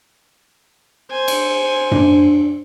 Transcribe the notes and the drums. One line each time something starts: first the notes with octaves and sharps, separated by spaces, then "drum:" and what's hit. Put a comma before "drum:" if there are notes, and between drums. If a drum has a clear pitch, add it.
C5 G#5
drum: cymbal
D4, drum: tom F#2